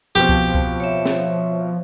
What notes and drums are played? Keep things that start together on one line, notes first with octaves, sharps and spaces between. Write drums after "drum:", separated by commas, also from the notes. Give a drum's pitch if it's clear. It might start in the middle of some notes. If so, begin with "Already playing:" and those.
B2 F3 C4 G4
drum: kick C2
drum: kick C2
C#5 E5
drum: snare